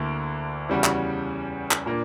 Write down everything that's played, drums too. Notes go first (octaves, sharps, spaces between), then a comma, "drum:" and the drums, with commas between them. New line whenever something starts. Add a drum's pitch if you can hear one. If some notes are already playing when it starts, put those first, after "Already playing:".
Already playing: D2 D3 A#3 E4
E2 C#3 G3 C#4 F#4
drum: clap
drum: clap
A#2 A#3 D4